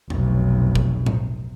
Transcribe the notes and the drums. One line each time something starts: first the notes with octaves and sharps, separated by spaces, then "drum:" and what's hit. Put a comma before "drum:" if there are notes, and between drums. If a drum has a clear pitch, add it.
F1 B1, drum: tom E2
drum: kick
drum: tom A2